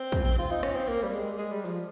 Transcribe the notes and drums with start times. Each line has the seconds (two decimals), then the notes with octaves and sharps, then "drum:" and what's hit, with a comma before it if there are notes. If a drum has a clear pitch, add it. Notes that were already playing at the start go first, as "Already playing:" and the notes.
Already playing: C4
0.12 drum: kick, hi-hat
0.39 F4
0.51 D#4
0.63 C#4, drum: rim click
0.75 C4
0.88 A#3
1.03 G3
1.13 G#3, drum: hi-hat
1.38 G#3
1.52 G3
1.65 F3, drum: hi-hat